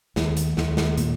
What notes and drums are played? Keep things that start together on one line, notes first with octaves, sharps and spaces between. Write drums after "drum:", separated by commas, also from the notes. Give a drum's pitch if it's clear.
D#2, drum: snare
drum: hi-hat
D#2, drum: snare
drum: snare
A#2, drum: hi-hat